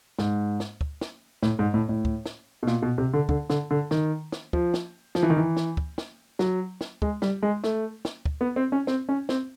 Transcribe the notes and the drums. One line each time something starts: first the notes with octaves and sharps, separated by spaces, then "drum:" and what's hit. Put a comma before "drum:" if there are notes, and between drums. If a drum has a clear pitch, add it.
G#2, drum: snare
drum: snare
drum: kick
drum: snare
A2, drum: snare
G#2
A2
A2
drum: kick
drum: snare
B2
A#2, drum: snare
B2
C3
D3
D3, drum: kick
D3, drum: snare
D3
D#3, drum: snare
drum: snare
F3, drum: kick
drum: snare
F3, drum: snare
E3
D#3
E3
drum: snare
drum: kick
drum: snare
F#3, drum: snare
drum: snare
G#3, drum: kick
G3, drum: snare
G#3
A3, drum: snare
drum: snare
drum: kick
B3
C4
C#4
C4, drum: snare
C#4
C4, drum: snare